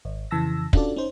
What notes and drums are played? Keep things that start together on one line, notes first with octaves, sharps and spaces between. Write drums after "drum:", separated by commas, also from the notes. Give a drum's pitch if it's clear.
G#1
F2 C#3 E3 A5 E6 A#6
C#4 D4 F4 F#4 A4 D5, drum: kick
C#4 D#4 C5